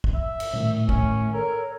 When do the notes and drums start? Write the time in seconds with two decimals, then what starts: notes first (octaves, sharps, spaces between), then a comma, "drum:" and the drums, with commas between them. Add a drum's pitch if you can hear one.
0.04 drum: kick
0.14 E5
0.40 drum: cymbal
0.53 A2 D#3 A3, drum: tom A#2
0.89 C#4, drum: kick
1.33 A4 A#4 C#5